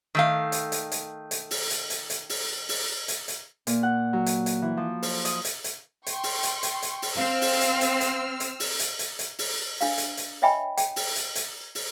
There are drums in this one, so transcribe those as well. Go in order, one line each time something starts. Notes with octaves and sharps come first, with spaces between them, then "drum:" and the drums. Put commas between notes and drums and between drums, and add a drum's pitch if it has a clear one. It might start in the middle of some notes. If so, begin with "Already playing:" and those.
D#3 A3 F5
drum: hi-hat
drum: hi-hat
drum: hi-hat
drum: hi-hat
drum: open hi-hat
drum: hi-hat
drum: hi-hat
drum: hi-hat
drum: open hi-hat
drum: open hi-hat
drum: hi-hat
drum: hi-hat
A#2, drum: hi-hat
F#5
F#3
drum: hi-hat
drum: hi-hat
E3
F3
C5, drum: open hi-hat
D#6, drum: hi-hat
drum: hi-hat
drum: hi-hat
G5 C6 C#6, drum: hi-hat
drum: open hi-hat
drum: hi-hat
drum: hi-hat
drum: hi-hat
drum: open hi-hat
C4 F5 E6 F6
drum: open hi-hat
drum: hi-hat
drum: hi-hat
drum: hi-hat
drum: hi-hat
drum: open hi-hat
drum: hi-hat
drum: hi-hat
drum: hi-hat
drum: open hi-hat
D4 F5, drum: open hi-hat
drum: hi-hat
drum: hi-hat
C#5 D#5 E5 G5 G#5 B5
G5, drum: hi-hat
drum: open hi-hat
drum: hi-hat
drum: hi-hat
drum: open hi-hat